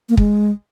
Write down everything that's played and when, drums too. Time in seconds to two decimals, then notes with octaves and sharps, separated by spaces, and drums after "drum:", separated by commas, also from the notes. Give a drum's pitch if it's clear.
0.09 A#3
0.17 G#3, drum: kick